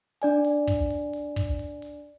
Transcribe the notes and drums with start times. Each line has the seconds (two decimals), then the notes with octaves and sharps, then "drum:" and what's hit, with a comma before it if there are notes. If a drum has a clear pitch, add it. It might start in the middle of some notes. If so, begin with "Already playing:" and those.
0.22 D4 D5 G#5, drum: hi-hat
0.44 drum: hi-hat
0.67 drum: kick, hi-hat
0.90 drum: hi-hat
1.13 drum: hi-hat
1.36 drum: kick, hi-hat
1.59 drum: hi-hat
1.82 drum: hi-hat